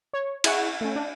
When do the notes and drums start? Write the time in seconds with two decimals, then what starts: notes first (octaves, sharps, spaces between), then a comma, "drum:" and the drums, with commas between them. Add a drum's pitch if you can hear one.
0.13 C#5
0.44 E4 G#4 F#5 C#6, drum: cymbal
0.81 A3 C#4
0.95 D4